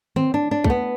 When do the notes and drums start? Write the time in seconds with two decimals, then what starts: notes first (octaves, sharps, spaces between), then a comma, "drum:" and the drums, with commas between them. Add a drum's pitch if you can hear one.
0.16 C4, drum: tom D3
0.34 D4
0.51 D4
0.64 A3, drum: kick
0.70 B3